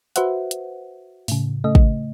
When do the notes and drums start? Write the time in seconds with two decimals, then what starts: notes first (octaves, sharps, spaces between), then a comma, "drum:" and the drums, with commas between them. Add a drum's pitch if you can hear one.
0.16 F#4 B4 C5 E5 F#5, drum: hi-hat
0.51 drum: hi-hat
1.28 A2 C#3, drum: open hi-hat
1.64 C#3 A3 D#5
1.75 drum: kick G#1